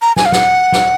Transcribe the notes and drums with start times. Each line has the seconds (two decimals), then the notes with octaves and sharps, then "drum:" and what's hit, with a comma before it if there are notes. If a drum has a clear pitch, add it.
0.02 A#5
0.16 G#5, drum: snare
0.26 F5
0.32 F#5, drum: snare
0.72 drum: snare